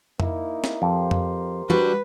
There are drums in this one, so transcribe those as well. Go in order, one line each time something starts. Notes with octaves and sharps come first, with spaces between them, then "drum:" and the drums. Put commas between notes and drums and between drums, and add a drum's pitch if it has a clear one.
A#3 D#4 E4, drum: tom F2
drum: snare
F2 G4 A#4 C5
drum: tom F2
G3 D4 F#4 B4